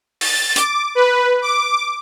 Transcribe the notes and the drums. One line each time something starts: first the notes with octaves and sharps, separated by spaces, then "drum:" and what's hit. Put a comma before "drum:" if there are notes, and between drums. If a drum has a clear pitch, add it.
A6, drum: open hi-hat
D6, drum: hi-hat
B4
D6